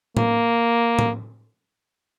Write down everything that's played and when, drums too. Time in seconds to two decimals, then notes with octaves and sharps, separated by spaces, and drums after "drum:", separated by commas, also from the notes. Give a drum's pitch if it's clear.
0.17 A#3, drum: tom A2
0.99 drum: tom A2